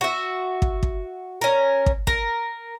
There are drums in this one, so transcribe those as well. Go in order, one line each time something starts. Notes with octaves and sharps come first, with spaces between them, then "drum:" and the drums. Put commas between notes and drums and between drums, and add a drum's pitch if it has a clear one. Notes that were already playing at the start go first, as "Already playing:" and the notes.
F#4 E5
drum: kick
drum: kick
C#4 A#4
drum: kick
A#4, drum: kick